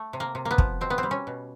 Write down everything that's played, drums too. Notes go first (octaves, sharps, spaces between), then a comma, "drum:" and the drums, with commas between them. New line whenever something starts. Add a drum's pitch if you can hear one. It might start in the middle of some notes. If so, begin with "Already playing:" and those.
Already playing: A3
C3
A#3
C3
A#3
B3
F3, drum: kick
B2 C4
B3
C4
G3
C#4
B2